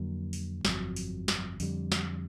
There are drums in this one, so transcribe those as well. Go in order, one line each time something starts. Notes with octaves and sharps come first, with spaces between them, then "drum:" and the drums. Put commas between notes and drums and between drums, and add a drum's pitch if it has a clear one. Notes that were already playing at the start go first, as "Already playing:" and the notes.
Already playing: F2 D3 F#3 A#3
drum: open hi-hat
G1 F2 C#3 F#3, drum: snare
drum: open hi-hat
drum: snare
F2 D3 G3, drum: open hi-hat
drum: snare